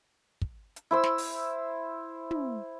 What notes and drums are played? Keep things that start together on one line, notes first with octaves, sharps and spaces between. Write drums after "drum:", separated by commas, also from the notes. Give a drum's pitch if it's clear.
drum: kick
drum: hi-hat
E4 C5 E6
drum: snare
drum: open hi-hat
drum: tom